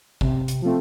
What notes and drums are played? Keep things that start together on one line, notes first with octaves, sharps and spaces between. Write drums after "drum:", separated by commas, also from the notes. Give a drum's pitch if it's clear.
C3, drum: kick
drum: hi-hat
F3 A3 C4